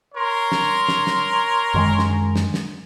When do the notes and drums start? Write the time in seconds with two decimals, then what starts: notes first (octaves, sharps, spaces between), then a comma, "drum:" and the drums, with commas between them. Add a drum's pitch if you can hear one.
0.15 A#4 C#5 C6
0.52 drum: snare
0.88 drum: snare
1.07 drum: snare
1.74 F#2 D#3 G#3
1.99 drum: snare
2.36 drum: snare
2.54 drum: snare